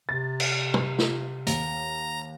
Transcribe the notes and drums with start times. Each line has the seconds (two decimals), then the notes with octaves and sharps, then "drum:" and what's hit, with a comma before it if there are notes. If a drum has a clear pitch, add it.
0.09 C3 A6
0.40 drum: cymbal
0.74 drum: tom
0.98 drum: snare
1.47 D#2 A#5, drum: hi-hat